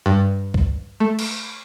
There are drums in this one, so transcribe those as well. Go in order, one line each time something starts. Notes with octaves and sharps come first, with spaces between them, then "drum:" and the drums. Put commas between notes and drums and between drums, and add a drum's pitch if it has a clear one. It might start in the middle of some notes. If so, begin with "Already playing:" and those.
G2
drum: kick C2
A3
drum: cymbal